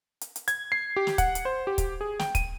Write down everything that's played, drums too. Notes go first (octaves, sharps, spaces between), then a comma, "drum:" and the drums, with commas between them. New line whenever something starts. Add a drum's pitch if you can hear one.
drum: hi-hat
drum: hi-hat
G#6, drum: hi-hat
C7
G4
drum: snare
F#5, drum: kick, hi-hat
drum: hi-hat
C5
G4
drum: kick, hi-hat
G#4
G5, drum: snare
D#7, drum: kick, hi-hat